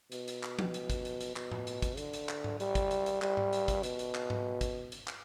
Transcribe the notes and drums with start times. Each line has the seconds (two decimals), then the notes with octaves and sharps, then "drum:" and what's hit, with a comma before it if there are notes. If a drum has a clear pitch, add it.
0.12 B2, drum: hi-hat
0.28 drum: hi-hat
0.43 drum: clap
0.59 drum: tom F3
0.74 drum: hi-hat
0.90 drum: kick, hi-hat
1.05 drum: hi-hat
1.21 drum: hi-hat
1.36 B2, drum: clap
1.51 drum: tom A2
1.67 drum: hi-hat
1.82 drum: kick, hi-hat
1.97 D3, drum: hi-hat
2.13 drum: hi-hat
2.29 drum: clap
2.44 drum: tom G#2
2.60 G3, drum: hi-hat
2.75 drum: kick, hi-hat
2.91 drum: hi-hat
3.06 drum: hi-hat
3.22 G3, drum: clap
3.37 drum: tom G#2
3.53 drum: hi-hat
3.68 drum: kick, hi-hat
3.83 B2, drum: hi-hat
3.99 drum: hi-hat
4.15 drum: clap
4.30 drum: tom G#2
4.61 drum: kick, hi-hat
4.92 drum: hi-hat
5.07 drum: clap